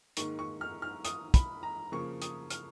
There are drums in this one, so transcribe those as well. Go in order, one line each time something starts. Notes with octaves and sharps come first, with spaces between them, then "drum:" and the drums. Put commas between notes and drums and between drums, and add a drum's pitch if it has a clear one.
G#2 D#3 A#3 C#6, drum: hi-hat
C#6
F6
F6
D#6, drum: hi-hat
B5, drum: kick, hi-hat
A#5
C#3 F3 A#3 C#6
D#6, drum: hi-hat
F6, drum: hi-hat